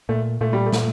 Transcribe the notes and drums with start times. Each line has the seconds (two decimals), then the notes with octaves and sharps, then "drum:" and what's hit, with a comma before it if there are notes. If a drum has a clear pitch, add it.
0.09 A#2 A3
0.41 A#2 A3
0.53 G3
0.66 A3
0.73 A#2, drum: snare